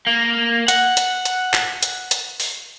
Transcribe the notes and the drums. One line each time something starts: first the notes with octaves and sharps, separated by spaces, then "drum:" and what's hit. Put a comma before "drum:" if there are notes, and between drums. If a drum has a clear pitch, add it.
A#3
F#5, drum: hi-hat
drum: hi-hat
drum: hi-hat
drum: clap
drum: hi-hat
drum: hi-hat
drum: open hi-hat